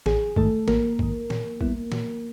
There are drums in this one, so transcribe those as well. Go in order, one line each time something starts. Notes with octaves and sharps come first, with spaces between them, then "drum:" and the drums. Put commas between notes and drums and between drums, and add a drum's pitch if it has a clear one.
A1 G#4, drum: snare
G#2 D#3 A3 A4, drum: kick A1
A1 A#3 A#4, drum: snare
G#2 D#3, drum: kick A1
A#2, drum: snare
G3 B3 E4, drum: kick A1
A#2, drum: snare